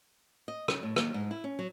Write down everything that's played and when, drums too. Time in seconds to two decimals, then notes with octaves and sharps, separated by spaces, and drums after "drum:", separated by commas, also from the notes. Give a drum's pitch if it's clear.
0.48 D#5
0.68 C#3, drum: rim click
0.83 A2
0.96 D#2, drum: rim click
1.14 G#2
1.31 E4
1.44 C#4
1.59 F#3